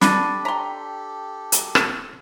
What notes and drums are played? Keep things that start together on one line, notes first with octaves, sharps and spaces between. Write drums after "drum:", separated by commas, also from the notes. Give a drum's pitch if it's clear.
D4 G4 A4 B5 A6 D#7, drum: snare
G5 A#5 C6 B6
drum: hi-hat
drum: rim click